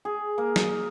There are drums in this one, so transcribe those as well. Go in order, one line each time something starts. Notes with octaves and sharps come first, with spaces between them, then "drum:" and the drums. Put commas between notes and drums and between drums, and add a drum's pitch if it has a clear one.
G#4
A#3
drum: snare